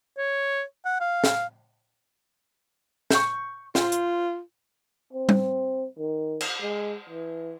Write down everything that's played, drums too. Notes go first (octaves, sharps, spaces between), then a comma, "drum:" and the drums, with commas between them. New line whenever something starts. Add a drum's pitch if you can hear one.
C#5
F#5
F5
drum: snare
C#6 G6, drum: snare
F4 C5, drum: snare
drum: hi-hat
C4
drum: tom G3
D#3
drum: cymbal
G#3
E3